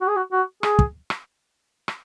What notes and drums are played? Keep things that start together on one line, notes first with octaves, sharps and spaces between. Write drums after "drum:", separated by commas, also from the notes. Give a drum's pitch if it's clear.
F#4
G#4
F#4
F#4
G#4, drum: rim click
drum: kick
drum: rim click
drum: rim click